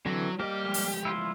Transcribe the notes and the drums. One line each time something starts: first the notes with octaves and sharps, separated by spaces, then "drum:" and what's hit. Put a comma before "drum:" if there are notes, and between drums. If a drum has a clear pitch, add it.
D3 E3 F#3 C4
G3 A#3 G4 C5 D#5
F3 G#3 A3
drum: open hi-hat
E4 F4 C6